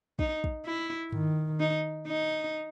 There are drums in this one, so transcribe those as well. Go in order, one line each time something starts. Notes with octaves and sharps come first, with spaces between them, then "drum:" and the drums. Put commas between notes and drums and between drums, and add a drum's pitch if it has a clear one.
D#4, drum: kick
drum: kick
E4
D#3, drum: tom G2
D#4
D#4